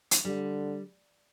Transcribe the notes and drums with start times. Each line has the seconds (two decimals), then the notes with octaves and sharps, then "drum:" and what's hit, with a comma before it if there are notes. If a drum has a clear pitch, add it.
0.11 drum: hi-hat
0.25 D3 G3